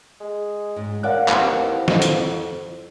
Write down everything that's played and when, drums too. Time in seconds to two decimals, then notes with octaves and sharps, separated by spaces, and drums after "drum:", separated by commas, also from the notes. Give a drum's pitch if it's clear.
0.20 G#3
0.76 G#2
1.03 D#3 C#4 A#4 D5 F5 F#5 F#6
1.28 D#2 E3 C4, drum: clap
1.88 F2, drum: snare
2.02 drum: hi-hat